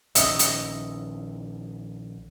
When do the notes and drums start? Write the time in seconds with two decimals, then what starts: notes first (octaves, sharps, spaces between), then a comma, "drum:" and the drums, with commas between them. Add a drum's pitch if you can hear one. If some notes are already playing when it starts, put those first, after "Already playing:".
0.15 A#1 D#3 C#4 D#5 E5, drum: hi-hat
0.39 drum: hi-hat